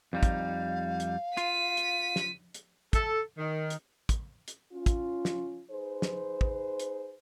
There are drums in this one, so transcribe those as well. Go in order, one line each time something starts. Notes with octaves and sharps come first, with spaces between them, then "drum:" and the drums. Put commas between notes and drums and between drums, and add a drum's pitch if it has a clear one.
F2 G3 D#4 F5
drum: kick, hi-hat
drum: hi-hat
F4 B6 D#7, drum: hi-hat
drum: hi-hat
drum: snare
drum: hi-hat
A4, drum: kick, hi-hat
D#3
drum: hi-hat
drum: kick, hi-hat
drum: hi-hat
C#4 F4
drum: kick, hi-hat
drum: snare
D#4 G#4 B4 C5
drum: snare
drum: kick
drum: hi-hat